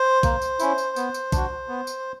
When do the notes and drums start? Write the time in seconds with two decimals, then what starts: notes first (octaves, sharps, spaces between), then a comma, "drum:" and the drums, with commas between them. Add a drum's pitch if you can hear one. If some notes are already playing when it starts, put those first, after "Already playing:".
Already playing: C5
0.23 A#3, drum: kick, tambourine
0.42 drum: tambourine
0.60 C#4 E4, drum: tambourine
0.78 drum: tambourine
0.96 B3, drum: tambourine
1.14 drum: tambourine
1.32 D4 F#4, drum: kick, tambourine
1.68 B3
1.87 drum: tambourine